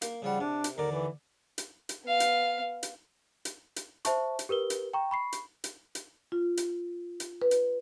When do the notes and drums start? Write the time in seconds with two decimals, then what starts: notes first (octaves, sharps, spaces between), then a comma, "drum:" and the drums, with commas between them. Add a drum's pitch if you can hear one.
0.02 A#3, drum: hi-hat
0.22 C#3 F3 G3 F#5
0.41 C3 D4
0.64 drum: hi-hat
0.78 D#2 D3 A#4 D5
0.91 E3
1.58 drum: hi-hat
1.89 drum: hi-hat
2.04 B3 F5
2.20 drum: hi-hat
2.83 drum: hi-hat
3.45 drum: hi-hat
3.76 drum: hi-hat
4.05 C5 E5 A5 C#6, drum: hi-hat
4.39 drum: hi-hat
4.49 G4 A#4 B4 G7
4.70 drum: hi-hat
4.94 G5 A#5 C#6
5.11 B5 C#6 C7
5.32 drum: hi-hat
5.64 drum: hi-hat
5.95 drum: hi-hat
6.32 F4
6.57 drum: hi-hat
7.20 drum: hi-hat
7.42 B4
7.51 drum: hi-hat